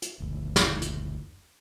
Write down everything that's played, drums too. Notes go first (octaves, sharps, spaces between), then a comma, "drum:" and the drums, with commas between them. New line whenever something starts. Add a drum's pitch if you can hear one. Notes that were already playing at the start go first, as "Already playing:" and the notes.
drum: hi-hat
F#1 D2
drum: snare
drum: hi-hat